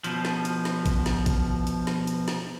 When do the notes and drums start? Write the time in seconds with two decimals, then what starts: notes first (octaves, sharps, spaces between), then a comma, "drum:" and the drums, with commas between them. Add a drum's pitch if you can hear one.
0.04 B2 F3, drum: hi-hat
0.25 drum: snare
0.45 drum: hi-hat
0.65 drum: snare
0.86 drum: kick, hi-hat
1.06 drum: snare
1.26 drum: kick, hi-hat
1.67 drum: hi-hat
1.87 drum: snare
2.07 drum: hi-hat
2.28 drum: snare